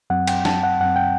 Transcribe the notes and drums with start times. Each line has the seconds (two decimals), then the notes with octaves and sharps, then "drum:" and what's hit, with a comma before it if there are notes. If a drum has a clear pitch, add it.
0.10 F#2 F#3 C4 F#5
0.27 G5, drum: cymbal
0.45 A5, drum: snare
0.63 F#5
0.81 F#2 F#3 C4 F#5
0.96 G5